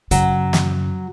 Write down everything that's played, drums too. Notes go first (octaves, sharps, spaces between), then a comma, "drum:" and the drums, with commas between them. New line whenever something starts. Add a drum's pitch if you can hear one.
F#2 C#3 F#3, drum: hi-hat
drum: snare